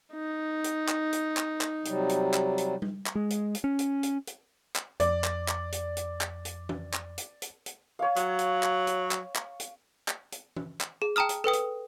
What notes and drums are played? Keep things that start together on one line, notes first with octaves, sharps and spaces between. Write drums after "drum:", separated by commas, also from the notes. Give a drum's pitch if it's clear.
D#4
drum: hi-hat
drum: clap
drum: hi-hat
drum: clap
drum: clap
C3 F#3 G3, drum: hi-hat
drum: hi-hat
drum: clap
drum: hi-hat
drum: tom G3
drum: clap
G#3
drum: hi-hat
drum: hi-hat
C#4
drum: hi-hat
drum: hi-hat
drum: hi-hat
drum: clap
F2 D5, drum: hi-hat
drum: clap
drum: clap
drum: hi-hat
drum: hi-hat
drum: clap
drum: hi-hat
drum: tom E3
drum: clap
drum: hi-hat
drum: hi-hat
drum: hi-hat
C#5 F5
F#3, drum: hi-hat
drum: hi-hat
drum: clap
drum: hi-hat
drum: clap
drum: clap
drum: hi-hat
drum: clap
drum: hi-hat
drum: tom E3
drum: clap
G#4
G5 A5 A#5 D#6 F6
drum: hi-hat
A4 B4 G5 D#6
drum: hi-hat